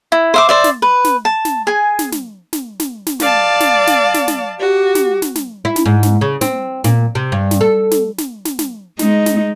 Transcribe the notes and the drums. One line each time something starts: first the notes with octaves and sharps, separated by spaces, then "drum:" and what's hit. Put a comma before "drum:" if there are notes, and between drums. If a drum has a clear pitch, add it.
E4
C5 E5 D6
C5 D5 E5
drum: snare
B4
drum: snare
A5
drum: snare
G#4 G#5
drum: snare
drum: snare
drum: snare
drum: snare
drum: snare
D5 F5 A5, drum: snare
drum: snare
drum: snare
drum: snare
drum: snare
F#4 G4
drum: snare
drum: snare
drum: snare
E4
drum: snare
G#2
drum: snare
C#3
C4, drum: snare
A#2, drum: snare
C3
G2
drum: snare
A4
drum: snare
drum: snare
drum: snare
drum: snare
G#3 D#4, drum: snare
drum: snare